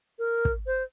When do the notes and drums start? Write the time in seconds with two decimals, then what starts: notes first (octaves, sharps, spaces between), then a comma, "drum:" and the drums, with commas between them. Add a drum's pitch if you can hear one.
0.19 A#4
0.45 drum: kick
0.67 C5